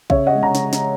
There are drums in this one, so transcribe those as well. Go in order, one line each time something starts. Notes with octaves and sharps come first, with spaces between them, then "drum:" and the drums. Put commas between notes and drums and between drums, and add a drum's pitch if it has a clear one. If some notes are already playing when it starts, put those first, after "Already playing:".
C#3 C#5 E5, drum: kick A#1
D#5 F#5
G#3
F#5 A#5, drum: tom C3
drum: snare
drum: snare